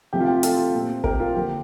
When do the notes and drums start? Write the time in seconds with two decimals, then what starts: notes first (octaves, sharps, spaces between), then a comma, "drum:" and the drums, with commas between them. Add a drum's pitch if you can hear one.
0.13 C3 F3 A3 C4 G4
0.20 F4
0.28 G4
0.43 F4 A4, drum: hi-hat
0.74 A#2 A3 C4
1.04 G4 A#4, drum: kick
1.20 F4
1.35 D3 F3 A#3 G4